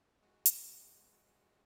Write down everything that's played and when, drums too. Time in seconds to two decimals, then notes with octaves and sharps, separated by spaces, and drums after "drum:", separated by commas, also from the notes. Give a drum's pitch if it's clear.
0.22 G#3 F#4
0.46 drum: hi-hat